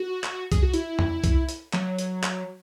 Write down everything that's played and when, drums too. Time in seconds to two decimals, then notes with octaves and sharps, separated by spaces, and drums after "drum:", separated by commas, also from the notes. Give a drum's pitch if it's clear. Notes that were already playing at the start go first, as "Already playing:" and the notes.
Already playing: F#4
0.24 drum: clap
0.52 G#4, drum: kick C2, hi-hat
0.63 F#4
0.74 E4, drum: hi-hat
0.99 drum: tom
1.24 drum: kick C2, hi-hat
1.49 drum: hi-hat
1.73 F#3, drum: clap
1.98 drum: hi-hat
2.23 drum: clap